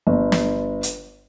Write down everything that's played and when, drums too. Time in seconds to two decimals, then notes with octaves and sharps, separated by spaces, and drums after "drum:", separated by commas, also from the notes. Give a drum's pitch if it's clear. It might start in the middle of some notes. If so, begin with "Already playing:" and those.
0.07 G1
0.32 drum: snare
0.83 drum: hi-hat